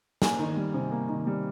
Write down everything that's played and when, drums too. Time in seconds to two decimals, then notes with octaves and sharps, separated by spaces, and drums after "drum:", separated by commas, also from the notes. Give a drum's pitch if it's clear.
0.22 A#3 G#5, drum: snare
0.39 D#3
0.57 G3
0.74 C3
0.91 A#3
1.09 D#3
1.27 G3